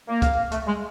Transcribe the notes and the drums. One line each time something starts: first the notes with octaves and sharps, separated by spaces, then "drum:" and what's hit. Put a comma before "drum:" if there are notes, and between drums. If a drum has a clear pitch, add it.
A#3
F5, drum: kick, hi-hat
A3, drum: hi-hat
G#3